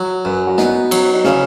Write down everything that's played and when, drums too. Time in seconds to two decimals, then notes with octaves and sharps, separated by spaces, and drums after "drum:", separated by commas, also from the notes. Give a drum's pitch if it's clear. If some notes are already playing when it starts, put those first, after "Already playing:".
Already playing: F#3
0.25 F#2 B4
0.47 F#4
0.58 B3 D#4, drum: snare
0.91 F#3, drum: cymbal
1.14 D#4
1.24 C#3 C#4, drum: snare